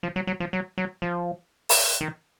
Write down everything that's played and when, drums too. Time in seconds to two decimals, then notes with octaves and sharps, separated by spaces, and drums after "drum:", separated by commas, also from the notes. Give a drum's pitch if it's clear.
0.03 F3
0.16 F#3
0.27 F#3
0.40 F3
0.53 F#3
0.78 F#3
1.02 F3
1.69 drum: open hi-hat
2.01 D#3